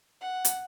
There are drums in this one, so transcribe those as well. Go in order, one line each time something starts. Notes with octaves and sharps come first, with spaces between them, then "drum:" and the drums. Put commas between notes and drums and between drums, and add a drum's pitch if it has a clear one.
F#5
drum: hi-hat